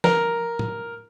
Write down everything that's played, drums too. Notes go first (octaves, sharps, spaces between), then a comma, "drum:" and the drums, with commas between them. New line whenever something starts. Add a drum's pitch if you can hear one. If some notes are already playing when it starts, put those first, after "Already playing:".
A#4, drum: snare
drum: tom A2